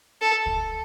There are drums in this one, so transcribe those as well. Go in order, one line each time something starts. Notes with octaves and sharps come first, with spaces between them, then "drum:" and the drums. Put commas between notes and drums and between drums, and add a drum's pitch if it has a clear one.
A4
drum: kick